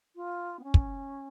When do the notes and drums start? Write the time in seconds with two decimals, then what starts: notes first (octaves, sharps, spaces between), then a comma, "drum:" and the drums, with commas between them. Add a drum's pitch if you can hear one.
0.16 F4
0.59 B3
0.64 C#4
0.74 drum: kick